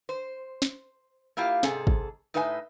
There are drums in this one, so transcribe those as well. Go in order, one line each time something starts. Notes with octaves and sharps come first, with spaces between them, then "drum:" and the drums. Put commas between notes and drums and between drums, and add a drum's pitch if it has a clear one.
C5
drum: snare
A#3 E4 F4 G4 F5
G#2 C3 G#4 A4, drum: snare
drum: kick G#1
A2 D#4 B4 E5 F#5 G#5